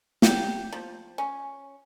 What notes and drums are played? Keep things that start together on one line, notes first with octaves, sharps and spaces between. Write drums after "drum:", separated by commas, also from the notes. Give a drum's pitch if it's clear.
G4, drum: snare
F3
C#4